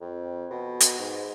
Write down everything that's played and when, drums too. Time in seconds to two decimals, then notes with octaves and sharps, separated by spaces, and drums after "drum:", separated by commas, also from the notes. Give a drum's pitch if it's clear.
0.01 F2
0.50 B2
0.80 drum: hi-hat
0.99 G#2